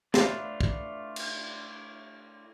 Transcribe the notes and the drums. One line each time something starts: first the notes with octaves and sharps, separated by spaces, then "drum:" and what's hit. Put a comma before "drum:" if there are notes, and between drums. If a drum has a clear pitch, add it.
A3 D4 E4 F4 B4 D5, drum: snare
drum: kick
drum: cymbal